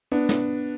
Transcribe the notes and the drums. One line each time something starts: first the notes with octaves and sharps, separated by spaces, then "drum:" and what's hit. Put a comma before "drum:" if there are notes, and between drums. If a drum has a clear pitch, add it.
B3 D4
drum: snare